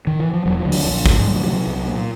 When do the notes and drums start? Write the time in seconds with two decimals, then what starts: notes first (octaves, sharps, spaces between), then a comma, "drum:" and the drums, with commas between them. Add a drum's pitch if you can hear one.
0.07 D#3
0.20 E3
0.33 F3
0.45 E1 F#3
0.59 F3
0.65 D2 D3
0.72 F#3, drum: open hi-hat
0.86 A#1 F3
1.06 G#2, drum: kick
1.27 D2 G3
1.35 F#3
1.45 C3 F3
1.53 F#3
1.67 C2
1.88 A#2